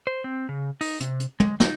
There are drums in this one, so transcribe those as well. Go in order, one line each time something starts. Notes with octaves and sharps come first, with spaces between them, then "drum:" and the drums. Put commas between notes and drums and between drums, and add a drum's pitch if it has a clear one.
C5
C4
C#3
D#4, drum: open hi-hat
C3, drum: hi-hat
drum: hi-hat
G#3, drum: tom
D#4, drum: snare